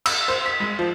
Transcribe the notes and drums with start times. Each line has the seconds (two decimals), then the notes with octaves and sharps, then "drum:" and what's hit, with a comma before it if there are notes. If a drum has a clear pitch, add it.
0.06 E6, drum: cymbal
0.28 C5
0.46 B6
0.60 G#3
0.79 F3